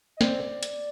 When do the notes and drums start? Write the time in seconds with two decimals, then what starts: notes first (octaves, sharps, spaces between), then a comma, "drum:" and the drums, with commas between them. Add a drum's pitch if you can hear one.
0.17 D#5
0.21 C4 D5, drum: snare
0.63 drum: hi-hat